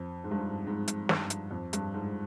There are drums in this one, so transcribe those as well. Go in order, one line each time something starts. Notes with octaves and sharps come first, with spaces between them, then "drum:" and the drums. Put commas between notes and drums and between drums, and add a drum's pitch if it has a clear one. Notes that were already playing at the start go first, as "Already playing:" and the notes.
Already playing: F2
G#2
G2
G#2
G#2
drum: hi-hat
G2, drum: snare
drum: hi-hat
F2
G2, drum: hi-hat
G#2